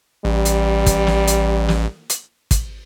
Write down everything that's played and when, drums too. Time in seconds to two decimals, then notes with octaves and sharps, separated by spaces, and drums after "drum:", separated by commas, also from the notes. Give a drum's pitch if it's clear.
0.25 A1 G3
0.45 drum: hi-hat
0.86 drum: kick, hi-hat
1.07 drum: snare
1.28 drum: hi-hat
1.69 drum: snare
2.10 drum: hi-hat
2.51 drum: kick, hi-hat